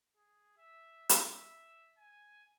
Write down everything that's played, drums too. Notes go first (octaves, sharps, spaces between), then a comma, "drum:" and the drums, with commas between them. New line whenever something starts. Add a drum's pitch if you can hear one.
G#4
E5
drum: hi-hat
E5
G#5